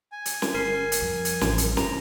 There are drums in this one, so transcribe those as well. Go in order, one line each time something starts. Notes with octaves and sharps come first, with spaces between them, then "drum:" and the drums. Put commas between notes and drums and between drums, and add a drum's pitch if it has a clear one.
G#5
drum: hi-hat
drum: snare
G1 A#4 C7
drum: hi-hat
F2 F3 G3
drum: hi-hat
A1, drum: snare
drum: hi-hat
G1 D3 A#5, drum: snare